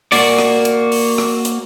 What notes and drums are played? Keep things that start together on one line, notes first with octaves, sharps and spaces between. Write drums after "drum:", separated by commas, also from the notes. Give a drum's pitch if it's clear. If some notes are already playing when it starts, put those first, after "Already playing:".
A#3 F#4 D5, drum: open hi-hat
drum: rim click
drum: hi-hat
drum: open hi-hat
drum: rim click
drum: hi-hat